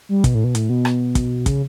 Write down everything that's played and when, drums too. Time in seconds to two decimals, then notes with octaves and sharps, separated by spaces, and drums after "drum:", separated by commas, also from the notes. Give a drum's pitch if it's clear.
0.09 G3
0.24 B2, drum: kick, hi-hat
0.35 A2
0.44 B2
0.55 A2, drum: hi-hat
0.69 B2
0.85 drum: rim click
1.15 drum: kick, hi-hat
1.46 C#3, drum: kick, hi-hat